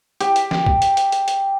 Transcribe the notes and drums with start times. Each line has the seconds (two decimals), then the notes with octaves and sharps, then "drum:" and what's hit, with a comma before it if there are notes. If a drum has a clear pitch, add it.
0.21 G4, drum: hi-hat
0.36 drum: hi-hat
0.51 drum: snare
0.66 drum: kick
0.82 drum: hi-hat
0.97 drum: hi-hat
1.12 drum: hi-hat
1.28 drum: hi-hat